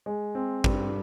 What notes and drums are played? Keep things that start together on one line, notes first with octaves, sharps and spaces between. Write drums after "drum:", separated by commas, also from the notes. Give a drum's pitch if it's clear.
G#3
C4
G2, drum: kick